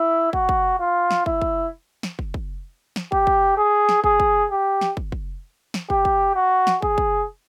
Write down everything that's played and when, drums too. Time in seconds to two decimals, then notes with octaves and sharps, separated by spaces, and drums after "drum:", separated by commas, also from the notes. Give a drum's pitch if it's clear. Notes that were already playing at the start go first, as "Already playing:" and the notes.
Already playing: E4
0.33 F#4, drum: kick
0.49 drum: kick
0.80 F4
1.11 drum: snare
1.26 E4, drum: kick
1.42 drum: kick
2.03 drum: snare
2.19 drum: kick
2.34 drum: kick
2.96 drum: snare
3.12 G4, drum: kick
3.27 drum: kick
3.57 G#4
3.89 drum: snare
4.04 G#4, drum: kick
4.20 drum: kick
4.51 G4
4.81 drum: snare
4.97 drum: kick
5.12 drum: kick
5.74 drum: snare
5.90 G4, drum: kick
6.05 drum: kick
6.35 F#4
6.67 drum: snare
6.82 G#4, drum: kick
6.98 drum: kick